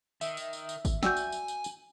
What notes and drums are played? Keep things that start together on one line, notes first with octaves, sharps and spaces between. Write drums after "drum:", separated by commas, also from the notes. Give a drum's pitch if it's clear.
D#3 E5, drum: tambourine
drum: tambourine
drum: tambourine
drum: tambourine
drum: kick G#1, tambourine
F#4 D5 G5 G#5 E6 G6, drum: snare
drum: tambourine
drum: tambourine
drum: tambourine
drum: tambourine